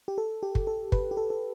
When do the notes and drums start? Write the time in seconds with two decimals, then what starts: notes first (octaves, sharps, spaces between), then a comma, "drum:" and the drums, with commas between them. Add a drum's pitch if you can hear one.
0.08 G4
0.18 A4
0.43 G4
0.55 drum: kick
0.67 A4
0.92 B4, drum: kick
1.11 G4
1.17 A4
1.30 A4